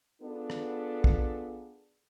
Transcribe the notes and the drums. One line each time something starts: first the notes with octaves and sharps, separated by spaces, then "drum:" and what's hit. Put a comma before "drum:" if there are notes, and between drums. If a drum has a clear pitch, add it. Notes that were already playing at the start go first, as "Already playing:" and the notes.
B3 D4 F4 G#4 A4
drum: rim click
drum: kick